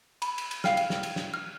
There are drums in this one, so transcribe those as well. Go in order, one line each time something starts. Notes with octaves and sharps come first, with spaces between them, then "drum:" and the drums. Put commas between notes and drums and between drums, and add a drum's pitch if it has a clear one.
B5, drum: cymbal
drum: cymbal
drum: cymbal
F5 G5 F6, drum: snare
drum: cymbal
drum: snare
drum: cymbal
drum: snare
F6